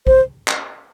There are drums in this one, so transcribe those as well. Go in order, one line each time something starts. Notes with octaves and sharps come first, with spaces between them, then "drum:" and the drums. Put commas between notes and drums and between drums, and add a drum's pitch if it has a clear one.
C5, drum: kick A#1
drum: clap